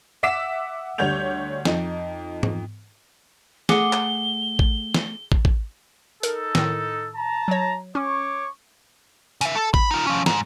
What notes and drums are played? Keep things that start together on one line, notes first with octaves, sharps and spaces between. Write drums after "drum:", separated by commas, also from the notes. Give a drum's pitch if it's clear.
E5 F#5 D6 E6 B6 E7
D2 G3 C#5 F#5 G6 F7
F2 D#4, drum: snare
drum: tom G#2
A3 G#4 F#5 D6 G7, drum: snare
drum: clap
drum: kick
drum: snare
drum: kick
drum: kick
D#4 A4 A#4, drum: hi-hat
A2 D#3, drum: snare
A5 A#5
F#3 C#5
C#4 C#5 C#6 D6
C#3 E5, drum: hi-hat
A4
B5, drum: kick
D#4 F4
F3 C#4
G#2, drum: snare